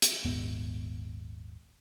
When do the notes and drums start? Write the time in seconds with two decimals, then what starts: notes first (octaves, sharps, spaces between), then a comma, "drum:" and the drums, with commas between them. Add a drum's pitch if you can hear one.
0.02 drum: hi-hat
0.25 D#1 G#1 G#2 B3